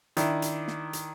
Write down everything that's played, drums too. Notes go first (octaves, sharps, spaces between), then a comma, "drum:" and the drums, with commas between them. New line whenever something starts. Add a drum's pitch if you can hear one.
D#3 D4 E4, drum: hi-hat
drum: hi-hat
drum: snare
drum: hi-hat